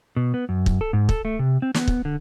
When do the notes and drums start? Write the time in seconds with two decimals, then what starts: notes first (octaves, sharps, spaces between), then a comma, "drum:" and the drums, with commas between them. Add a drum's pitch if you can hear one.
0.16 B2
0.34 B3
0.49 F#2
0.66 drum: kick
0.81 A4
0.93 G#2
1.09 A4, drum: kick
1.25 A3
1.39 C3
1.62 C4
1.74 B3, drum: snare
1.88 drum: kick
2.05 D3